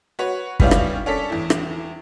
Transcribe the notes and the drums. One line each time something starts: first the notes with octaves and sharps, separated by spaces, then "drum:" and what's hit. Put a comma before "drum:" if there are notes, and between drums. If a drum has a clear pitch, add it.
F#4 B4 C#5
G3 B3 C#4 D4 E4 F4, drum: kick
drum: rim click
C#4 D4 A4 B6
E2 A2
drum: rim click